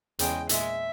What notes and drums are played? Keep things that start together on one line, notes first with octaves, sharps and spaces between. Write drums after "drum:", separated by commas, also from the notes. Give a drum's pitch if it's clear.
E2 C#3 G#3 G5, drum: hi-hat
A#2 G#3 E5, drum: hi-hat